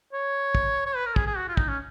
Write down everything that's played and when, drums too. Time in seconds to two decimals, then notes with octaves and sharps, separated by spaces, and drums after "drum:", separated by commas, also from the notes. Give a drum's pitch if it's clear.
0.13 C#5
0.55 drum: kick
0.86 C#5
0.96 B4
1.06 A#4
1.16 G#4, drum: kick
1.27 G#4
1.37 F#4
1.48 F4
1.57 D#4, drum: kick
1.68 C#4